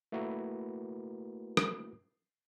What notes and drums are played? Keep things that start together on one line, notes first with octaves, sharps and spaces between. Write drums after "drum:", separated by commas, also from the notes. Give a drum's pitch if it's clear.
A3 A#3 E4 F#4 A#4 B4
drum: rim click